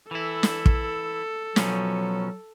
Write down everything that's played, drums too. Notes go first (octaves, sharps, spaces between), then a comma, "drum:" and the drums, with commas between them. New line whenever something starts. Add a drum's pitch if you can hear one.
E3 E4 A4
drum: snare
drum: kick
B2 F3 F#3 C#4, drum: snare